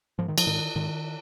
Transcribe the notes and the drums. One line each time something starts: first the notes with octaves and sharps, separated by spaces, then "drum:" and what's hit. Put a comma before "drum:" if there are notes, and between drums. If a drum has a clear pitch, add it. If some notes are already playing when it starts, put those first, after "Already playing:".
G#2 F3
D#3
F3, drum: cymbal
G#2 D#3
G#2 D#3